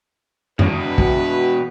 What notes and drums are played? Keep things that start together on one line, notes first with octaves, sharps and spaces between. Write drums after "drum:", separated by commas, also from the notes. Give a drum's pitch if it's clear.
E2 B2 B4, drum: tom F2
F#4, drum: kick